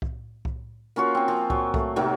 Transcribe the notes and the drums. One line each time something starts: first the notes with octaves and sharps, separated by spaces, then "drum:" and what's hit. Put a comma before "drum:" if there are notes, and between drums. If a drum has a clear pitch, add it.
drum: kick C2
drum: kick C2
A#3 C#4 F4 F#4
C4 G#5
F3
F#3, drum: kick C2
A3, drum: kick C2
C3 F#3 A#3 D#4